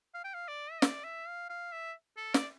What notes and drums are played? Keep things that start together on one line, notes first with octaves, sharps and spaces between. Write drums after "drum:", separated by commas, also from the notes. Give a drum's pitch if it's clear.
F5
G5
F5
D5
E5
D5, drum: snare
E5
F5
F5
E5
A4
D5, drum: snare